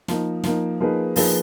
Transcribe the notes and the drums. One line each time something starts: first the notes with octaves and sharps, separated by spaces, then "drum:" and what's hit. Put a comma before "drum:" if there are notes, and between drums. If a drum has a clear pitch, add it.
F3 A#3 D#4, drum: snare
F3 A#3 D#4, drum: snare
F3 A#3 D#4 G#4 B4
F3 A#3 D#4 G#4 B4, drum: open hi-hat